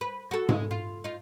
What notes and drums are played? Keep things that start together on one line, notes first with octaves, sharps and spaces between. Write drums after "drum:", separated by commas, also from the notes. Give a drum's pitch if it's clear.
B4
F#4 A4
G#3, drum: tom G#2
F4
D#4 F4